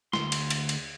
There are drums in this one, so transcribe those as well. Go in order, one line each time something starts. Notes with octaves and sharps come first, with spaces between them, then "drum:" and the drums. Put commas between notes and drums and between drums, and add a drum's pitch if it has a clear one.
D2 C6, drum: snare
drum: cymbal
drum: cymbal
drum: cymbal